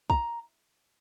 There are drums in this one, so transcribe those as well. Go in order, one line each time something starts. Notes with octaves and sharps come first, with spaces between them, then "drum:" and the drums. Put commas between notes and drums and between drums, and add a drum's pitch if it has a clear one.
A#5, drum: kick